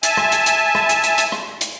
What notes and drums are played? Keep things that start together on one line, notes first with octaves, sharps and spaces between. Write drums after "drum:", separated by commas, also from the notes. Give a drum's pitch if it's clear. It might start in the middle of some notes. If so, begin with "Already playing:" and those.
E5 G#5 A5, drum: hi-hat
drum: rim click
drum: hi-hat
drum: hi-hat
drum: rim click
drum: hi-hat
drum: hi-hat
drum: hi-hat
drum: rim click
drum: hi-hat